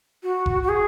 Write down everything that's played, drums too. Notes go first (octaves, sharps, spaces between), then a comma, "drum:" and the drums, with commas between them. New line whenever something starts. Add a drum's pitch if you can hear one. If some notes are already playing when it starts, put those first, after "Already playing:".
F#4
drum: kick F1
F#4
G#4